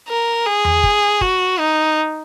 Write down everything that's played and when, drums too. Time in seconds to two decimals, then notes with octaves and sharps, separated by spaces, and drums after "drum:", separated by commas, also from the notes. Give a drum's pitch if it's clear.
0.08 A#4
0.46 G#4
0.65 drum: tom E2
0.83 drum: kick
1.21 F#4, drum: kick
1.59 D#4